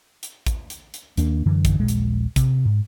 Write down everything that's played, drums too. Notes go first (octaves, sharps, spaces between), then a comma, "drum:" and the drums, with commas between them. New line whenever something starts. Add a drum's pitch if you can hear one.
drum: hi-hat
drum: kick, hi-hat
drum: hi-hat
drum: hi-hat
D#2 A#3 D4, drum: hi-hat
F#2 D3 E3
drum: kick, hi-hat
D#1 A#1 G#3
drum: hi-hat
C3, drum: kick, hi-hat
G#2